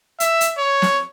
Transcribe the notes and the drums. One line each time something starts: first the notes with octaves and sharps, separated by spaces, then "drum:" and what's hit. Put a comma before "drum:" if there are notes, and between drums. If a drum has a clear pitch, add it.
E5, drum: hi-hat
drum: hi-hat
C#5
drum: snare